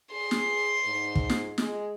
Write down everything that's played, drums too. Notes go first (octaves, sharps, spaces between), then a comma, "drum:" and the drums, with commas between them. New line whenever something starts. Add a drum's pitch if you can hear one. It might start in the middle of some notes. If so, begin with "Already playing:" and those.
G#4 C6
drum: snare
G#2
drum: kick
drum: snare
G#3, drum: snare